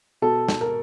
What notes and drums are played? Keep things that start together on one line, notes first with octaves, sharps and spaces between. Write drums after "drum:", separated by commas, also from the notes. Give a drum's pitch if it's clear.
B2 A4
drum: snare
A#4